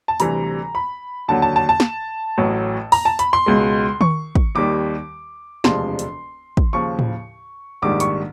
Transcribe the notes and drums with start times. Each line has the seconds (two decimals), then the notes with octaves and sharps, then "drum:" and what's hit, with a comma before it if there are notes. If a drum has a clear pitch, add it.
0.08 A5
0.20 D2 C3 E3 G3 A#5, drum: hi-hat
0.75 B5
1.28 D#2 D3 F#3 A5
1.42 A5
1.56 A5
1.69 A5
1.80 drum: snare
2.38 A1 A2 F#3
2.92 A#5, drum: open hi-hat
3.05 A5
3.19 B5, drum: hi-hat
3.33 C6
3.46 C#2 B2 G#3
4.01 C#6, drum: tom D#3
4.35 drum: kick
4.55 D#2 D#3 G3 D6
5.64 E1 D2 C3 F3 G#3 C6, drum: snare
5.99 drum: hi-hat
6.57 drum: kick
6.73 D#2 C#3 F3 C#6
6.99 drum: tom A2
7.82 A#1 G#2 D#3 G3 D6
8.00 C#6, drum: hi-hat